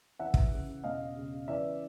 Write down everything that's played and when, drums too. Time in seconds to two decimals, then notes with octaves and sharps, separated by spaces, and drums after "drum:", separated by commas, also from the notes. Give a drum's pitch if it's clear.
0.19 E3 E5 F#5
0.34 drum: kick
0.52 C#3
0.84 E1 D#5 F5
1.16 C#3
1.48 E3 D5 E5